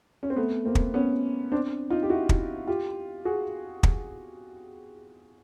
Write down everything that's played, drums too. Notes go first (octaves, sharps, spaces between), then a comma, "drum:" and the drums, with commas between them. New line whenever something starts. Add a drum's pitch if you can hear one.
C#4
C4
A3 B3
A#3 C4
drum: kick
B3 C#4
C4 D4
D#4 F4
G4
E4 F#4
drum: kick
F4 G4
F#4 G#4
drum: kick